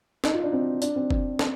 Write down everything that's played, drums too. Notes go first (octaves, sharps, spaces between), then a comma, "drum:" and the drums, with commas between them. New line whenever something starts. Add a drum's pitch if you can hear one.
D#4, drum: snare
F4
D4
C4
D4, drum: hi-hat
C4
drum: kick
C4, drum: snare